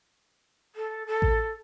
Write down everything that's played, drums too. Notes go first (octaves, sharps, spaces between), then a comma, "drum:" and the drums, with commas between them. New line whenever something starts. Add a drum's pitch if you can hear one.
A4
A4
drum: kick A1